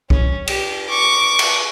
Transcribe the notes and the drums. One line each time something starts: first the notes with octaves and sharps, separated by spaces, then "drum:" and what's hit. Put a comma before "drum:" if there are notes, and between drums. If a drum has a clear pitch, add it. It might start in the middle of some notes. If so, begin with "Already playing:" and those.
C#4, drum: kick B1
G4, drum: cymbal
C#6 D6
drum: cymbal